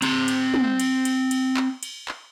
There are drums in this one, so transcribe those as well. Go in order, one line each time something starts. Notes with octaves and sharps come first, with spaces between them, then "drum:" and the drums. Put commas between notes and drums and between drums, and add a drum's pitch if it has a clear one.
C4 A#5, drum: cymbal
drum: cymbal
drum: tom
drum: cymbal
drum: cymbal
drum: cymbal
drum: clap
drum: cymbal
drum: clap